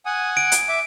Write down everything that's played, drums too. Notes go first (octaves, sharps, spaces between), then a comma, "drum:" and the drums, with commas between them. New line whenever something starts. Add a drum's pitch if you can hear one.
F#5 G#5 D#6
D7
drum: hi-hat
E5 D6